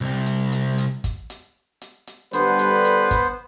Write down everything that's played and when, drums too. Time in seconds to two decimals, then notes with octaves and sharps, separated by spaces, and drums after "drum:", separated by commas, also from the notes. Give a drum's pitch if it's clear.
0.01 C2 C3
0.26 drum: hi-hat
0.52 drum: hi-hat
0.78 drum: hi-hat
1.04 drum: kick, hi-hat
1.30 drum: hi-hat
1.82 drum: hi-hat
2.07 drum: hi-hat
2.33 D3 G3 B3 B4 C5, drum: hi-hat
2.59 drum: hi-hat
2.85 drum: hi-hat
3.11 drum: kick, hi-hat